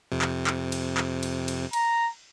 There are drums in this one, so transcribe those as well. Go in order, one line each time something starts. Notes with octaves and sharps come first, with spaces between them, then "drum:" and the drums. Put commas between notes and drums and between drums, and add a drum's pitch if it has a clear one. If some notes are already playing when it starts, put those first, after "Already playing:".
F2 C3
drum: clap
drum: clap
drum: cymbal
drum: clap
drum: cymbal
drum: cymbal
A#5, drum: cymbal